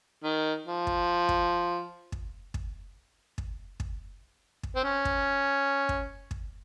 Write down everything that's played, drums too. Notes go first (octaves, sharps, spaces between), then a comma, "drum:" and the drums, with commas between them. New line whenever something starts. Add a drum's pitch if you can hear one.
D#3
F3
drum: kick
drum: kick
drum: kick
drum: kick
drum: kick
drum: kick
drum: kick
C4
C#4
drum: kick
drum: kick
drum: kick